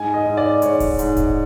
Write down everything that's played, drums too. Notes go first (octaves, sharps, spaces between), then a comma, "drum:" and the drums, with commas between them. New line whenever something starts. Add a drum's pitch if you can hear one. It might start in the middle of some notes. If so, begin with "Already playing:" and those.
Already playing: G#2 G#5
D#5
G#2
D5
G#2 C#5, drum: hi-hat
drum: kick D#1, open hi-hat
G#2, drum: hi-hat
drum: kick D#1, hi-hat